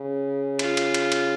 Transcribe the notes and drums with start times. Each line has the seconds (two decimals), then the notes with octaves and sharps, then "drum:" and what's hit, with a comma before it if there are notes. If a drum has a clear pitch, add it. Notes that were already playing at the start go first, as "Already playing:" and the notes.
Already playing: C#3
0.59 F4, drum: cymbal
0.77 drum: cymbal
0.94 drum: cymbal
1.12 drum: cymbal